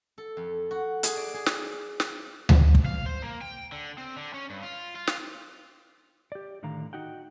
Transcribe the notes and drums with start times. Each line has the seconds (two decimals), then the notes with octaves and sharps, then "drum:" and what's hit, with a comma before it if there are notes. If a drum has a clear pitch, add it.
0.18 A4
0.37 F2
0.71 F#4
1.03 G#4, drum: hi-hat
1.17 D5
1.34 G#4
1.46 drum: snare
2.00 drum: snare
2.49 drum: tom D2
2.75 drum: kick
2.85 F5
3.06 C5
3.22 A#3
3.41 G5
3.72 D3
3.98 C4
4.16 D3
4.34 C#4
4.50 G2
4.63 F4
4.96 F4
5.07 drum: snare
6.32 G4 D5
6.63 A2 D3 D#3 F5 A#5
6.93 D#4 F#4 F#5 G5